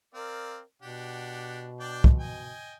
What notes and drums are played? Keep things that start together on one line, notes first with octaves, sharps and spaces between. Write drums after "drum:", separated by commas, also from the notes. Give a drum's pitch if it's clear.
C4 A#4 D5 F5
B2 D4 G4 F#5
D4 D5 G5
drum: kick
D#5 G5 G#5